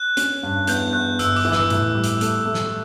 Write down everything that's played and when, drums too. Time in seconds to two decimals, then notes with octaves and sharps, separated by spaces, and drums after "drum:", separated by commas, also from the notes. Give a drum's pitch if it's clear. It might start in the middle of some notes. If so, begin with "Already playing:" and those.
Already playing: F#6
0.17 C#4, drum: hi-hat
0.43 G2
0.67 E2 G6, drum: hi-hat
0.93 E2 F#6
1.19 G1 E6, drum: hi-hat
1.36 D6, drum: open hi-hat
1.45 E3
1.52 E6, drum: snare
1.70 A2, drum: hi-hat
1.95 G3
2.04 drum: hi-hat
2.21 A3, drum: hi-hat
2.46 A3
2.55 drum: snare